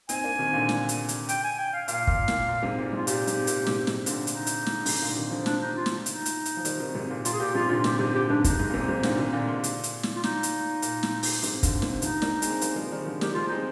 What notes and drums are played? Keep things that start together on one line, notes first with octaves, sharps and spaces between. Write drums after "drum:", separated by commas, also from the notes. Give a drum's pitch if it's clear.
C4 D#4 G#5, drum: hi-hat
A#3 D4
C3 D#3
A#2 D3
drum: snare
drum: hi-hat
drum: hi-hat
G5, drum: hi-hat
G#5
G5
F5
A#2 F5, drum: hi-hat
A#2, drum: kick
A#2, drum: snare
A#2
G#2 C3
A#2
G#2
F4
A#2 G4, drum: hi-hat
G#2 C3, drum: hi-hat
A#2, drum: hi-hat
G#2 C3, drum: snare
G#2 C3, drum: snare
A#2 D3, drum: hi-hat
D#4, drum: hi-hat
drum: hi-hat
drum: snare
G#2 C3, drum: open hi-hat
A#2 D3
C3 D#3
D3 F3
D4, drum: snare
D#4
F4
drum: snare
D#4, drum: hi-hat
drum: hi-hat
drum: hi-hat
F3
D#3 G3, drum: hi-hat
C3 D#3
G#2 C3
A#2
A#2 F4, drum: hi-hat
G#4
A#2 G4
G#2 C3 F4
A#2 D3 F4
G#2 C3 G4, drum: snare
G#2 C3 G4
A#2 D3 G4
G#2 C3 D4
G#2 C3 D#4, drum: kick, hi-hat
G#2
A#2
G#2 C3
G#2 C3
A#2 D3, drum: snare
C3 D#3
A#2 D3
A#2
drum: hi-hat
drum: hi-hat
drum: snare
F4
D#4, drum: snare
drum: hi-hat
A#2, drum: hi-hat
drum: snare
drum: open hi-hat
G#2 C3, drum: hi-hat
A#2 D3, drum: kick, hi-hat
C3 D#3, drum: snare
D3 F3 D#4, drum: hi-hat
A#3 D4, drum: snare
G#3 C4, drum: hi-hat
G3 A#3, drum: hi-hat
F3 G#3
D#3 G3
D3 F3
D#3 G3 G4, drum: snare
F3 G#3 F4
G#3 C4 D#4